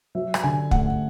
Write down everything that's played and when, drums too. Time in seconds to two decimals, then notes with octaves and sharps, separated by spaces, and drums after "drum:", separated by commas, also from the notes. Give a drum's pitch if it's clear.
0.15 F#3 E5
0.34 drum: rim click
0.44 D3 G#5
0.71 A3 F#5, drum: kick